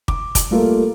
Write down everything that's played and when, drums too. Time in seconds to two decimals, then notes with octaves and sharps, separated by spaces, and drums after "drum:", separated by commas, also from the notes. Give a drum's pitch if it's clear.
0.08 D6, drum: kick
0.35 drum: kick, hi-hat
0.51 G3 A3 A#3 F4 A4 A#4